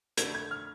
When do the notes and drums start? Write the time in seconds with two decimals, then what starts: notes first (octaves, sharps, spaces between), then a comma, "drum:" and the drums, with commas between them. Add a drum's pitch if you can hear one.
0.17 F2 D3 A3 G#6, drum: hi-hat
0.35 G#6
0.51 F6